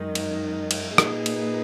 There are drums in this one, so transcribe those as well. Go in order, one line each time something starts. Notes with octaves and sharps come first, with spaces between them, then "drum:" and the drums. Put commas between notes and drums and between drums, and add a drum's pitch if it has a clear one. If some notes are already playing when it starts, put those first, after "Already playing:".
Already playing: F#2 D#3 G#3 D#4
drum: cymbal
drum: cymbal
A#2 A#3 D#4 G#4 B4, drum: rim click
drum: cymbal